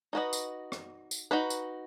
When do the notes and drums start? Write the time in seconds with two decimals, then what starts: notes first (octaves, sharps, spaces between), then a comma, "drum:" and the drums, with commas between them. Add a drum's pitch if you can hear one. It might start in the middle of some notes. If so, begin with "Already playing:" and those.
0.13 D#4 F#4 B4 D#5
0.33 drum: tambourine
0.72 drum: rim click
1.11 drum: tambourine
1.31 D#4 F#4 B4
1.50 drum: tambourine